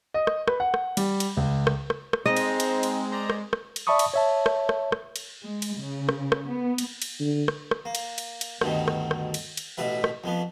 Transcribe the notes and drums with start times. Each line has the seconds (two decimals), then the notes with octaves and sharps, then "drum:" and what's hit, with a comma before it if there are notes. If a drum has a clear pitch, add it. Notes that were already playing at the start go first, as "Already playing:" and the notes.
0.14 D#5
0.27 drum: rim click
0.48 B4, drum: rim click
0.60 F#5
0.74 drum: rim click
0.97 G3, drum: cymbal
1.20 drum: cymbal
1.37 C#2
1.67 drum: rim click
1.90 drum: rim click
2.13 drum: rim click
2.26 G#3 C4 D#4 C5 D#5
2.37 drum: cymbal
2.60 drum: cymbal
2.83 drum: cymbal
3.11 C5 D5 A#5
3.30 drum: rim click
3.53 drum: rim click
3.76 drum: cymbal
3.87 D5 E5 A5 B5 C#6 D#6
3.99 drum: cymbal
4.14 C#5 E5 A5
4.46 drum: rim click
4.69 drum: rim click
4.92 drum: rim click
5.16 drum: cymbal
5.42 G#3
5.62 drum: cymbal
5.79 C#3
6.09 drum: rim click
6.32 drum: rim click
6.48 B3
6.78 drum: cymbal
7.02 drum: cymbal
7.20 D3
7.48 drum: rim click
7.71 drum: rim click
7.85 A#3
7.95 drum: cymbal
8.18 drum: cymbal
8.41 drum: cymbal
8.61 D2 G2 B2 D#3, drum: rim click
8.88 drum: rim click
9.11 drum: rim click
9.34 drum: cymbal
9.57 drum: cymbal
9.77 A1 B2 B4 E5
10.04 drum: rim click
10.24 F2 F3 B3